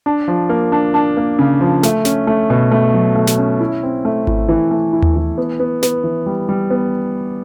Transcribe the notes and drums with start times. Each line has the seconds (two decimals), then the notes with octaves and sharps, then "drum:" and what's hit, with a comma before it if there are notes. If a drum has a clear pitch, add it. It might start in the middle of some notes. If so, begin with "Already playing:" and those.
0.06 D4
0.28 F3
0.49 A#3
0.72 D4
0.94 D4
1.17 A#3
1.39 C#3
1.61 F3
1.83 A3, drum: snare
2.05 C#4, drum: snare
2.27 A3
2.50 B2
2.71 A3
2.94 F#3
3.16 A3
3.27 drum: snare
3.38 C#4
3.60 E4
3.83 C4
4.05 A3
4.27 E4, drum: kick G#1
4.49 E3
4.71 A3
4.93 E4
5.02 drum: tom D#2
5.16 E3
5.38 B3
5.60 B3
5.83 B3, drum: snare
6.04 E3
6.26 G3
6.49 G3
6.70 B3